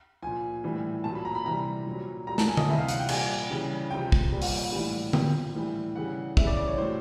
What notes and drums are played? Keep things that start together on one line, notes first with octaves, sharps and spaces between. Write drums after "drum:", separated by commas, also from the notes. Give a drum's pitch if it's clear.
A#2 F3 G#5
A2 E3 G3
A#2 F#3 A5
B5
A#5
B5
C3 E3 G3 A#5
A#2 F#3
A#2 G3 A#5
A5, drum: snare
G#5
D#5, drum: tom D3
C3 E3 G3 E5
F5
F#5, drum: hi-hat
G5
A#2 G3 G#5, drum: cymbal
C#3 E3 G3
C3 F3 G5
drum: kick
A#2 G3
drum: open hi-hat
A2 E3 G3
A#2 F3 G5, drum: tom D3
A2 E3 G3
C#3 E3 G3 F#5
C#3 E3 G3 E5, drum: kick
D5
D5
C#5
A2 F#3 C5